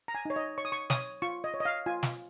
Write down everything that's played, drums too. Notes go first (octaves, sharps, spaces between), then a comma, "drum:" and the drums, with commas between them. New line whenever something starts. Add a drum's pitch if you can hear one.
A#5
G#5
D#4 C#5
D#5
C#5 C#6
D#6
C#6
C#5 D#6, drum: snare
F4 C#6
D#5
C#5
D#5
F5
F4 G#5
drum: snare